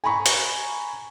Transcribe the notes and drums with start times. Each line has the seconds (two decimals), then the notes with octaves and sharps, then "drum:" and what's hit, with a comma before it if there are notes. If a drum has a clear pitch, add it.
0.04 G#5 A#5 B5 C#6
0.26 drum: hi-hat